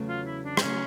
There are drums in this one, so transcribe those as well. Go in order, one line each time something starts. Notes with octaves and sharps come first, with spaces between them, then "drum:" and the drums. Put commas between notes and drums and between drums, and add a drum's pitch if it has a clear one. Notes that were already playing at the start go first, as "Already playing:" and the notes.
Already playing: E2 C#3 F#3 A3
F4
E4
D4
C4, drum: rim click
C#3 F#3 A3 C#4